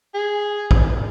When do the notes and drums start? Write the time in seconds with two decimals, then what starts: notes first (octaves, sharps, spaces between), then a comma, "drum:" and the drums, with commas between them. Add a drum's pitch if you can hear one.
0.14 G#4
0.71 drum: kick